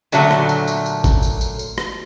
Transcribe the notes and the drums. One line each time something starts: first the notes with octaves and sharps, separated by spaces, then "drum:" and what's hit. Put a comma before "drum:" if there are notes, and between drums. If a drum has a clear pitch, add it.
A#2 D3 F#3 A3, drum: tambourine
drum: rim click
drum: tambourine
drum: tambourine
drum: tambourine
drum: kick, tambourine
drum: tambourine
drum: tambourine
drum: tambourine
drum: rim click